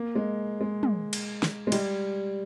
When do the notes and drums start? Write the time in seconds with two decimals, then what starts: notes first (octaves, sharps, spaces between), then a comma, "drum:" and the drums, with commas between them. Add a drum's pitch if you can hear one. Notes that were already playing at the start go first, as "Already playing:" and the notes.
Already playing: A#3
0.15 G#3
0.61 G#3
0.83 drum: tom
1.13 drum: cymbal
1.43 drum: snare
1.67 G#3
1.72 G3, drum: cymbal